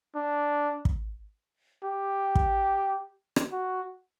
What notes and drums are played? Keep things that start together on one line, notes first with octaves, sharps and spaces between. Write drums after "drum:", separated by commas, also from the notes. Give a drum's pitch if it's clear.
D4
drum: kick
G4
drum: kick
drum: rim click
F#4